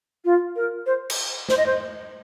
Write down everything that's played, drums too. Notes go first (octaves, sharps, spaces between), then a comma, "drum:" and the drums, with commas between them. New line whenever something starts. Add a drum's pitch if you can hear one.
F4
A#4
C5
drum: cymbal
C5, drum: snare
D#5
C5